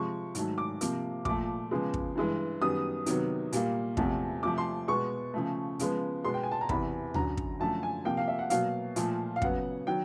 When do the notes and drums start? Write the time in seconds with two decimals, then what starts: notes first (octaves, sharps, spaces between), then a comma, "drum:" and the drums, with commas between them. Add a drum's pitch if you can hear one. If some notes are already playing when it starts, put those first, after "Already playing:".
Already playing: C3 F3 G#3 C#6
0.35 G#2 D#3 F#3 A3, drum: hi-hat
0.58 D6
0.81 C3 F3 A#3, drum: hi-hat
1.25 A#2 F3 A3 D6, drum: kick
1.71 C#3 F3 G#3 B3
1.94 drum: kick
2.16 G2 E3 G#3
2.61 F#2 D#3 G3 B3 D#6
3.06 C3 D#3 F#3 B3, drum: hi-hat
3.52 A#2 G3 A#3, drum: hi-hat
3.97 E2 C3 F3 A3, drum: kick
4.43 C3 F3 A3 D6
4.58 C6
4.88 B2 G#3 B3 C#6
5.34 C#3 F3 A3
5.79 C#3 F3 G#3 B3, drum: hi-hat
6.24 B2 G#3 B3 C6
6.34 G5
6.43 G#5
6.52 A5
6.61 A#5
6.69 E2 C3 E3 B5, drum: kick
7.14 F#2 D3 F#3 A#5, drum: tom D2
7.37 drum: kick
7.60 F#2 D3 F3 A3 A5
7.83 G#5
8.05 C3 F3 A#3 G5
8.17 F5
8.28 E5
8.39 F#5
8.50 B2 F#3 A#3 F5, drum: hi-hat
8.96 A#2 F3 A3, drum: hi-hat
9.36 F5
9.42 C#3 F#3 B3 F#5, drum: kick
9.86 D#3 F#3 G5